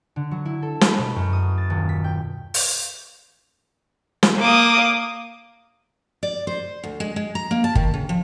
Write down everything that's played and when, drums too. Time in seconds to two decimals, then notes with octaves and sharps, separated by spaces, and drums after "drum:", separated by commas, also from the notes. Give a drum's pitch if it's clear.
0.16 D3
0.31 F#3
0.45 E4
0.62 A4
0.81 B5, drum: snare
0.98 B2
1.16 F#2
1.33 D#6
1.58 A6
1.70 D#1
1.89 B6
2.04 G5
2.54 drum: open hi-hat
4.23 drum: snare
4.39 A#3 D6 D#6
6.23 D5
6.47 C5
6.84 D2
7.00 G#3
7.16 G#3
7.35 A#5
7.51 A#3
7.64 A5
7.75 D#3, drum: kick G1
7.94 C#3
8.09 F3